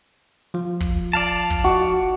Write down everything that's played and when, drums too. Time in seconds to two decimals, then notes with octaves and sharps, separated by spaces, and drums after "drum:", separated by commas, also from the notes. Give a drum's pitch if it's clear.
0.54 F3 F4
0.80 drum: kick
1.13 D5 F5 A5
1.50 drum: kick
1.64 F#4